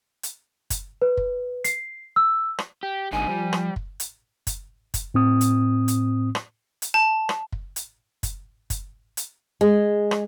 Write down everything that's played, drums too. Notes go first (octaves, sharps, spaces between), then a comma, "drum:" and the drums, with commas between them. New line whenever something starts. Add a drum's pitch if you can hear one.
drum: hi-hat
drum: kick, hi-hat
B4
drum: kick
C7, drum: hi-hat
E6
drum: rim click
G4
G#1 D3 G#3 D#4 G#5
F3 G3
drum: rim click
drum: kick
drum: hi-hat
drum: kick, hi-hat
drum: kick, hi-hat
A2 C4 D#6
drum: hi-hat
drum: hi-hat
drum: rim click
drum: hi-hat
A5
drum: rim click
drum: kick
drum: hi-hat
drum: kick, hi-hat
drum: kick, hi-hat
drum: hi-hat
G#3
drum: rim click